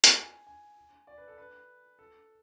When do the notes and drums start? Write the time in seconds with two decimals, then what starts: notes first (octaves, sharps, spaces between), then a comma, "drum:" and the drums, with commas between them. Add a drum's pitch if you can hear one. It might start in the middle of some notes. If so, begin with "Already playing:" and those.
0.04 drum: hi-hat
0.15 G#5
0.47 G#5
1.07 D5
1.18 B4
1.28 A4
1.38 B4
1.99 A4